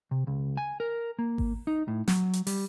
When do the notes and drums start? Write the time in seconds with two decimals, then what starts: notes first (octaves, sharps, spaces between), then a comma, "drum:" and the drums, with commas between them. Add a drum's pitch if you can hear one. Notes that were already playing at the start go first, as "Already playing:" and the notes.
0.11 C3
0.27 C#2
0.57 G#5
0.80 A#4
1.19 A#3
1.38 drum: kick G#1
1.67 D#4
1.88 A2
2.08 F#3, drum: snare
2.33 drum: hi-hat
2.47 G3, drum: open hi-hat